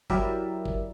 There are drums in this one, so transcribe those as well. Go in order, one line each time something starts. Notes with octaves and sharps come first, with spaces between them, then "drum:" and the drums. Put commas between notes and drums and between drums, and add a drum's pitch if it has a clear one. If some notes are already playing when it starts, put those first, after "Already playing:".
F#3 E4 G4 A#4 D5 E5, drum: kick G1
drum: kick G1